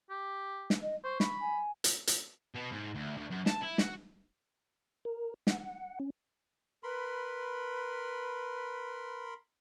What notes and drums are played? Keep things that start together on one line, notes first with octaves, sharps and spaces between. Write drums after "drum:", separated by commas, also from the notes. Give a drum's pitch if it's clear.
G4
drum: snare
D#5
C5 C#6
B5, drum: snare
G#5
drum: hi-hat
drum: hi-hat
B2
G#2
D2
D2
F#2
A5, drum: snare
E4
F#4, drum: snare
A#4
F#5, drum: snare
C#4
A#4 B4 B5 C6